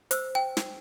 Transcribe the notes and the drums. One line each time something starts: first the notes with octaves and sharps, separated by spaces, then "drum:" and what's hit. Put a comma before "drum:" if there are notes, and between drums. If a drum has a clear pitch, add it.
C5 E6, drum: hi-hat
G5
drum: snare